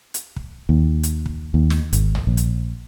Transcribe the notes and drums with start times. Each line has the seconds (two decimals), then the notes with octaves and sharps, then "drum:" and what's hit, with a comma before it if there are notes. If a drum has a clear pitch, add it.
0.14 drum: hi-hat
0.36 drum: kick
0.69 D#2
1.03 drum: hi-hat
1.26 drum: kick
1.54 D#2
1.70 drum: snare
1.93 G#1, drum: hi-hat
2.15 drum: tom
2.27 A#1
2.37 drum: hi-hat